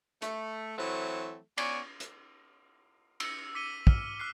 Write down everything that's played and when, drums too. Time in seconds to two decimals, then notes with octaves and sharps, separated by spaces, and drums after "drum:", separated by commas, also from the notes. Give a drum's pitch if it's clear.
0.22 A3, drum: hi-hat
0.78 E3 F#3 A3 C4
1.58 B3 C#5 D5 G#5, drum: cymbal
2.00 drum: hi-hat
3.20 E6 C#7, drum: cymbal
3.55 D6 B6 C#7 D#7 G7
3.87 F6, drum: kick
4.19 D6 F6 F#6 C7